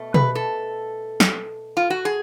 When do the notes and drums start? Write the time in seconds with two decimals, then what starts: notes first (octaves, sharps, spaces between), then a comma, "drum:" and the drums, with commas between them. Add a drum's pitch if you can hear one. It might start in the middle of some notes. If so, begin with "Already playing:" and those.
Already playing: B2 A3
0.14 B4, drum: tom B2
0.35 A4
1.20 drum: snare
1.77 F4
1.90 F#4
2.05 G#4